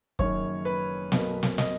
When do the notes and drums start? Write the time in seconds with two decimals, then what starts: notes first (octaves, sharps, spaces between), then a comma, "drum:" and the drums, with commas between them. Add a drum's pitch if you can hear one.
0.19 F#1 F#2 D#3 C#5 C#6, drum: kick
0.65 B4 B5
1.12 B1 B2 A#3, drum: snare
1.43 drum: snare
1.58 D#5, drum: snare